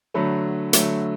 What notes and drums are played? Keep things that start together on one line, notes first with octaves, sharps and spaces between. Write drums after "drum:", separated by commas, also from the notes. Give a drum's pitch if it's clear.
D3 F#3 A3 B5
D3 F#3 A3, drum: hi-hat